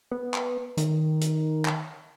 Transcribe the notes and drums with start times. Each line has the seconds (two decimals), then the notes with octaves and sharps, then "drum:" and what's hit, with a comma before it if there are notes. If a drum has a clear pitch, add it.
0.11 B3
0.34 drum: clap
0.77 D#3, drum: hi-hat
1.21 drum: hi-hat
1.65 drum: clap